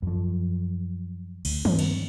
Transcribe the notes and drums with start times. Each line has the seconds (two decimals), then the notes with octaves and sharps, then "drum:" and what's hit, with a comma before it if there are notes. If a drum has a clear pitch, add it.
0.02 F#2 F3
1.45 D2, drum: cymbal
1.65 G2 C4, drum: tom
1.79 drum: cymbal